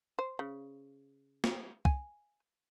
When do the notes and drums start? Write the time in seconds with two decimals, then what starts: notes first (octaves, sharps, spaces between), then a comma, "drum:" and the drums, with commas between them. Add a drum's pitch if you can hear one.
0.19 C5
0.39 C#3
1.44 drum: snare
1.85 G#5, drum: kick